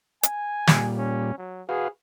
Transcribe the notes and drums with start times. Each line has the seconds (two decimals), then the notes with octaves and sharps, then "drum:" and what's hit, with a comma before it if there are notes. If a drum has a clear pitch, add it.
0.23 G#5, drum: hi-hat
0.67 A#2 G3, drum: snare
0.98 C#4
1.38 F#3
1.69 F#4 G#4 B4 F5